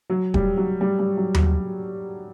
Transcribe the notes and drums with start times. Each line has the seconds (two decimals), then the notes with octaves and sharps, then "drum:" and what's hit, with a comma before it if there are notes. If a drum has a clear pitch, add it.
0.10 F#3
0.34 G3, drum: kick D#1
0.57 F#3
0.81 G3
0.99 G3
1.17 F#3
1.34 F#3, drum: tom D#2